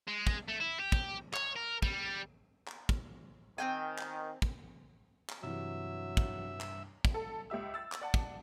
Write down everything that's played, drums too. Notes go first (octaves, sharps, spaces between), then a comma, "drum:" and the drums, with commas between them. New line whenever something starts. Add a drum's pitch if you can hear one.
G#3
drum: kick
A3
E4
G4
drum: kick
C#5, drum: clap
A#4
G3, drum: kick
drum: clap
drum: kick
D#3 C4 G5 G#5
drum: clap
drum: kick
drum: clap
G2 C3 E3 F#3 E5
drum: kick
drum: clap
drum: kick
A4
C#2 G4 E5 E6
E6 A6
drum: clap
D5 F#5 A5
drum: kick